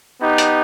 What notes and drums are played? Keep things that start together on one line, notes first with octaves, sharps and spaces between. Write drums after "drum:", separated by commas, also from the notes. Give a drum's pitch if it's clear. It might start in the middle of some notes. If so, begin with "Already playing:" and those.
B3 D#4 G4
drum: hi-hat